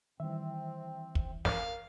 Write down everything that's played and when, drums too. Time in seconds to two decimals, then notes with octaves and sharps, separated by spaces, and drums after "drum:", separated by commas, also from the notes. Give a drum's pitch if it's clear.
0.20 D#3 E3 G3 C4 E5
1.15 drum: kick
1.45 A#4 F5, drum: snare